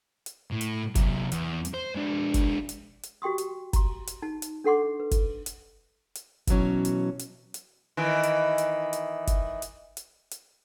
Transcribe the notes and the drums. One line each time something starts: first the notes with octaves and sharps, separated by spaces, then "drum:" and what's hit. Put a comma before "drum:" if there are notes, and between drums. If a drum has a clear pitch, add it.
drum: hi-hat
A2
drum: hi-hat
C3 F#3, drum: kick, hi-hat
E2, drum: hi-hat
drum: hi-hat
C5
G#3 D4
drum: kick, hi-hat
drum: hi-hat
drum: hi-hat
F#4 G4 G5 C6 D#6
drum: hi-hat
A#5 C6, drum: kick, hi-hat
drum: hi-hat
D#4 A5
drum: hi-hat
D4 A4 F#5 C6 D6
B4
drum: kick, hi-hat
drum: hi-hat
drum: hi-hat
B2 E3 F#3 C#4, drum: kick, hi-hat
drum: hi-hat
drum: hi-hat
drum: hi-hat
D#3 E3
drum: hi-hat
drum: hi-hat
drum: hi-hat
drum: kick, hi-hat
drum: hi-hat
drum: hi-hat
drum: hi-hat